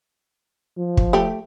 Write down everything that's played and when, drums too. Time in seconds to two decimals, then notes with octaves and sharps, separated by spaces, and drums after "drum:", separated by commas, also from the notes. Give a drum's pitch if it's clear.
0.78 F3
0.97 drum: kick
1.13 A3 G4